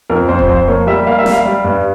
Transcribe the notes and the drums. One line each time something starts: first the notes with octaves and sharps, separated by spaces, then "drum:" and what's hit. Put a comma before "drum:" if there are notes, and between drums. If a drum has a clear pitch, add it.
F2 A#4
F2 C5
drum: kick D#1
F3 C5
A#3 C#5
G3 E5
A#3 F5
E5
G3, drum: snare
F5
G3
G2